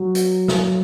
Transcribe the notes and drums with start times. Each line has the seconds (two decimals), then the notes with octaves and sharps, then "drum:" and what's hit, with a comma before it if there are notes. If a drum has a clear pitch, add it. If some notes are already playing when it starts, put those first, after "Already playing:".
Already playing: F#3
0.15 drum: hi-hat
0.48 drum: snare